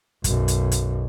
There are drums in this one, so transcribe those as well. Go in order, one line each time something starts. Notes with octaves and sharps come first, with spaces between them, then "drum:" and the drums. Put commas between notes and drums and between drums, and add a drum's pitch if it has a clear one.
B1 F#2, drum: kick, hi-hat
drum: hi-hat
drum: hi-hat